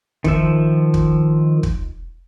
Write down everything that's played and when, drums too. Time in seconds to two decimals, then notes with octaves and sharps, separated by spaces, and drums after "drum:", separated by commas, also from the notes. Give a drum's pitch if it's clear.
0.24 D#3 F3 E5, drum: kick
0.94 drum: kick
1.63 drum: kick